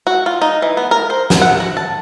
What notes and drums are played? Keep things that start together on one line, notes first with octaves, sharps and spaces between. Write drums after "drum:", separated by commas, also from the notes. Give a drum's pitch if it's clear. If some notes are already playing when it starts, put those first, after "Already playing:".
F#4
F4
D#4
E3
B3
A#4
C5
F#4, drum: snare
F#5
F#4
A5